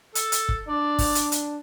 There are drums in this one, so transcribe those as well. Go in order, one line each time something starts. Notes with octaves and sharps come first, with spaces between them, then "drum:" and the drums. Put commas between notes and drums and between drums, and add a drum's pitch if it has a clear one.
A4, drum: hi-hat
drum: hi-hat
drum: kick F#1
D4 D5
drum: kick F#1, open hi-hat
drum: hi-hat
drum: hi-hat